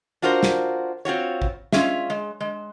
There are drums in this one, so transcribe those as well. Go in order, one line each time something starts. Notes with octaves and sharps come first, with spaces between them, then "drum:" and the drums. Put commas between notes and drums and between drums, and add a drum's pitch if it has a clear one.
D4 F4 F#4 A#4 C5
drum: snare
C4 F4 F#4 C#5
drum: kick
G#3 C#4 F4 E5, drum: snare
G#3
G#3